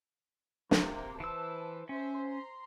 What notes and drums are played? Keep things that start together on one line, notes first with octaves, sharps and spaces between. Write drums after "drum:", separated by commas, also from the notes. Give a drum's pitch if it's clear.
C3 A#3 G4, drum: snare
E3 B4 C5 A5 E6
C#4 C5 E5
A#5 C6